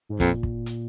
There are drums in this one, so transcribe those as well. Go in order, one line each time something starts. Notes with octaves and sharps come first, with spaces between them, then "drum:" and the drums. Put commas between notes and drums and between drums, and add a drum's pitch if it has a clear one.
G#2
F2 A#2, drum: kick, hi-hat
drum: kick
drum: hi-hat